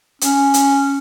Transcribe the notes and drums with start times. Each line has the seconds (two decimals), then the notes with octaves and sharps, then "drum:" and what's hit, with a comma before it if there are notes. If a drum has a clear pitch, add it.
0.21 C#4, drum: hi-hat
0.54 drum: hi-hat